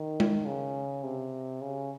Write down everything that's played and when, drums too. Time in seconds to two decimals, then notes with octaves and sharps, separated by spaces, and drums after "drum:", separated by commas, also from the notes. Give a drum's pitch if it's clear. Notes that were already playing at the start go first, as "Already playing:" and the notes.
Already playing: D#3
0.20 drum: tom G#3
0.46 C#3
1.04 C3
1.62 C#3